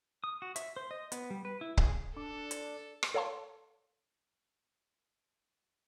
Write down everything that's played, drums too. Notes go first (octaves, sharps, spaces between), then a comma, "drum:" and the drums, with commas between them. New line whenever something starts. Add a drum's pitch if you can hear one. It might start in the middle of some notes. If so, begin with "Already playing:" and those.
D#6
F#4
E5, drum: hi-hat
C5
D#5
B3, drum: hi-hat
G3
B4
E4
G#4, drum: kick C#1
D4 A4
drum: hi-hat
drum: rim click
A4 C#5 F5 A5 C6